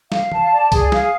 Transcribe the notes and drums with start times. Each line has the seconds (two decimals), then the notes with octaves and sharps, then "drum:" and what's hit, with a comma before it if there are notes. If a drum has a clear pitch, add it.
0.12 F5, drum: snare
0.32 A5, drum: tom
0.52 D5
0.72 G#4, drum: kick C2, hi-hat
0.92 F5, drum: snare